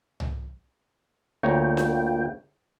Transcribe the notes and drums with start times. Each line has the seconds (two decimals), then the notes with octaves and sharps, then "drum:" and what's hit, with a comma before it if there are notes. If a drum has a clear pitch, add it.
0.20 drum: tom C2
1.43 D2 A#3 F4 C#5 G5 A#5
1.77 drum: snare D4